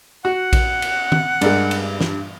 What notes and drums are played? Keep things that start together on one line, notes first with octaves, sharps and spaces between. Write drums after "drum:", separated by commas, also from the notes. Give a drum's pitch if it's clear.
F#4 F#5
drum: kick A#1, cymbal
drum: cymbal
drum: tom D#3
G2 G#3 A#4 D5, drum: cymbal
drum: cymbal
drum: snare